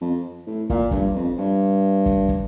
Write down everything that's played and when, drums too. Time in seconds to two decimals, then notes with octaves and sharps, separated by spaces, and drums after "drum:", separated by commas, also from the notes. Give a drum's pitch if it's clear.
0.01 F2
0.47 A2
0.70 A#2, drum: kick
0.91 G2, drum: kick
1.15 F2
1.38 G2
2.06 drum: kick
2.29 drum: kick